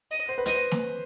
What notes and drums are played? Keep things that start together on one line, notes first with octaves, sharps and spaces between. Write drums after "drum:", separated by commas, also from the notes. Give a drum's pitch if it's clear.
D#5
C5
B4
C5 D#5, drum: hi-hat
drum: snare